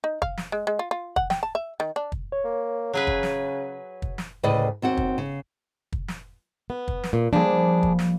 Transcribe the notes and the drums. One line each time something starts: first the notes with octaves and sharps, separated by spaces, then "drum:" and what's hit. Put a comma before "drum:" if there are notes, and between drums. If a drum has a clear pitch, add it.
D#4
F5, drum: kick
drum: snare
G#3
G#3
F4
F4
F#5, drum: kick
G5, drum: snare
A5
E5
D#3
D4
drum: kick
C#5
A#3
C#3 F#3 G#4 B4
drum: kick
drum: snare
drum: kick
drum: snare
D2 A2 C#3 B4 D5 D#5
D#2 C4 F#4 F#5
drum: kick
C#3
drum: kick
drum: snare
B3
drum: kick
drum: snare
A#2
F3 G3 A#3 D4 G#4
drum: kick
drum: snare